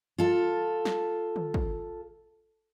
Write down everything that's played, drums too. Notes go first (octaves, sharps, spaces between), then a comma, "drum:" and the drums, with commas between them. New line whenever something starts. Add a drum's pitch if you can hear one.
F4 A4
drum: snare
drum: tom D3
drum: kick